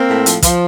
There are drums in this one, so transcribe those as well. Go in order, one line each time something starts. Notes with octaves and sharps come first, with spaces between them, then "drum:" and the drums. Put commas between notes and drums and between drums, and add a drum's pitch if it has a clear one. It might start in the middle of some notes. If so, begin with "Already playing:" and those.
Already playing: A#3 C4
A2
F3, drum: hi-hat
F3, drum: kick, hi-hat